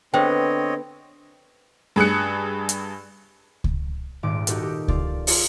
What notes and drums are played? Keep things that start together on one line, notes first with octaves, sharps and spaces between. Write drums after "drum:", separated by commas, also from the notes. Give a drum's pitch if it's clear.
D3 B3 C4 G#4 C5 C#5 D#5 G5
G2 G#4 F#6 C#7
drum: hi-hat
drum: kick C#2
D#1 G#1 G#2 D6 D7
D#4 F#4 G4 A4 A#4, drum: hi-hat
G4
F4 D5, drum: kick C#2
F4 G#4 D5, drum: open hi-hat